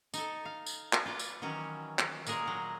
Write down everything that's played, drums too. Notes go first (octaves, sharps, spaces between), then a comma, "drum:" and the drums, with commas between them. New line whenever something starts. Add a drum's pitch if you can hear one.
D#4 A4, drum: tambourine
F5
drum: tambourine
drum: clap
F4 B4 D5
drum: tambourine
D#3 E3 F#3 C#4 F#4
drum: clap
A#2 G#3 G#4 A#4, drum: tambourine
F#3 F#5